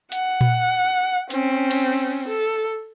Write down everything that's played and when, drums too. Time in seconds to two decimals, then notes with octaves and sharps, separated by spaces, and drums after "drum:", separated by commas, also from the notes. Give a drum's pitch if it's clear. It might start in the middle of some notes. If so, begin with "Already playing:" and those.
0.12 F#5, drum: hi-hat
0.41 drum: tom A#2
1.30 C4 C#4, drum: hi-hat
1.71 drum: cymbal
2.28 A4